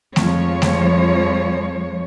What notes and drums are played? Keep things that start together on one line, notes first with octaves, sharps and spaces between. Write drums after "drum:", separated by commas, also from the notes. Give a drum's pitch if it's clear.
F2 F3 G#3 C#5, drum: snare A3
drum: snare A3